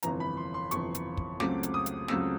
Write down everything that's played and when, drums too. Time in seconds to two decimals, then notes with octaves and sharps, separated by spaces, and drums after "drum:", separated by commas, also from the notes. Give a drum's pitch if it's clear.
0.03 G1 F2 C3 E3 A#5, drum: hi-hat
0.20 B5
0.37 C6
0.54 C6
0.71 G1 F2 C3 E3 C#6, drum: hi-hat
0.95 drum: hi-hat
1.17 drum: kick
1.40 C#2 C#3 F#3 A3 C4 D6, drum: snare
1.63 drum: hi-hat
1.74 D#6
1.86 drum: hi-hat
2.08 C#2 C#3 F#3 A3 C4 E6, drum: snare